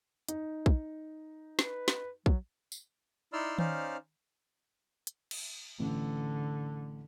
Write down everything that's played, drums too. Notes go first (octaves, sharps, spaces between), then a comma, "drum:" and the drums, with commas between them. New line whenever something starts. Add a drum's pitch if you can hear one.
D#4, drum: hi-hat
drum: kick
B4, drum: snare
drum: snare
F#3, drum: kick
drum: tambourine
D#4 E4 D5 C6 E6 F6
C#4 D#4 C5 D5 F5 F6, drum: tom D#3
drum: hi-hat
drum: cymbal
A1 D3